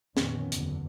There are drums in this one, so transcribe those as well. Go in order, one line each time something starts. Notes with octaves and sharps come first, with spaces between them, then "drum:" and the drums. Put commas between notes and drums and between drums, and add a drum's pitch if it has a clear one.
F2 A#2 D3 D#3 B3 C#4, drum: snare
F#1 E2 B2 D3, drum: hi-hat